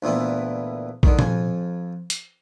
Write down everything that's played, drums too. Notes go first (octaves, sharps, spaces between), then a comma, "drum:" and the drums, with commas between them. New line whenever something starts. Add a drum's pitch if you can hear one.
D2 A#2 E3 B3
D3 D#3, drum: kick
F2 G#5, drum: tom A#2
drum: hi-hat